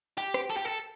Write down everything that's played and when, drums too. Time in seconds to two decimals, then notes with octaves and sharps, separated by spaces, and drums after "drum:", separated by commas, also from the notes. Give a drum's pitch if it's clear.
0.18 G4, drum: hi-hat
0.34 drum: rim click
0.50 A4, drum: hi-hat
0.57 G4
0.65 A4, drum: hi-hat